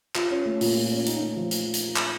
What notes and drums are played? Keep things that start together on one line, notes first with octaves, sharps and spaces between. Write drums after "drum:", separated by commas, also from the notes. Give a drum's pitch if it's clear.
F4, drum: clap
C#4
A3
A#2, drum: open hi-hat
F4
C#4
D#4, drum: hi-hat
A3
F3
drum: hi-hat
drum: hi-hat
drum: clap